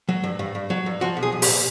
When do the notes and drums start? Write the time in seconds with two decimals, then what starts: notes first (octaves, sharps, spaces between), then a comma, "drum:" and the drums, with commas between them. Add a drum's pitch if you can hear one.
0.09 F#3
0.24 G2
0.39 G2
0.55 G2
0.70 F#3
0.86 G2
1.01 F3 F#4
1.17 B1
1.23 G#4
1.32 B1
1.42 G4, drum: open hi-hat
1.48 A#2